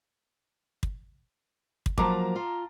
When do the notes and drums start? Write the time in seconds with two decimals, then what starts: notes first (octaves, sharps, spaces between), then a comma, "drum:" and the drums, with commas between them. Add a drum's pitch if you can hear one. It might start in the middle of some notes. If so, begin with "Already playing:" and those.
0.83 drum: kick
1.86 drum: kick
1.98 F3 F#3 A#3 A5 A#5 D6, drum: kick
2.36 F4